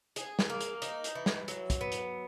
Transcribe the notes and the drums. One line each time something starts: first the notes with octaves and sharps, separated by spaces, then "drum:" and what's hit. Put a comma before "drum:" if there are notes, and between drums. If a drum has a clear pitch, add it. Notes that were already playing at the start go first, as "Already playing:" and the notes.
G#4, drum: hi-hat
drum: snare
A#3
drum: hi-hat
D#4, drum: hi-hat
drum: hi-hat
E3
drum: snare
F#3, drum: hi-hat
drum: kick, hi-hat
B3
drum: hi-hat